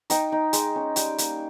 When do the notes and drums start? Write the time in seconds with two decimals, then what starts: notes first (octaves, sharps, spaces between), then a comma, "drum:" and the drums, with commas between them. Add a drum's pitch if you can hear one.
0.10 D#4 G5, drum: hi-hat
0.32 D#4
0.53 G#3, drum: hi-hat
0.76 C#4
0.96 G3 G5, drum: hi-hat
1.18 A#3, drum: hi-hat